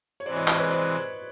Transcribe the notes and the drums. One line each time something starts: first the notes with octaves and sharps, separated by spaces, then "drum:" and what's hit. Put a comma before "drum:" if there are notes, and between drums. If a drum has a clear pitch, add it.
C#5
C3 E3 G#3 C5 D5
C#5 D#5
C5 D5, drum: clap
B4 C#5
C5 D5